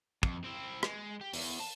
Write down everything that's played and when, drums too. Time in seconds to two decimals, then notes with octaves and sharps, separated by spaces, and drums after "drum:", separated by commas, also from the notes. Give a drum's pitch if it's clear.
0.23 F2, drum: kick
0.44 C4 E4
0.83 G#3, drum: rim click
1.21 G4
1.33 E2, drum: open hi-hat
1.59 A5